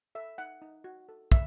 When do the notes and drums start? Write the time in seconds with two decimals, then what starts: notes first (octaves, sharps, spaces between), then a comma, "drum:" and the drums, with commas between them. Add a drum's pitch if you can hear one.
0.15 A4 E5
0.38 D#4 F#5
0.62 D#4
0.84 F#4
1.09 A4
1.32 E5, drum: kick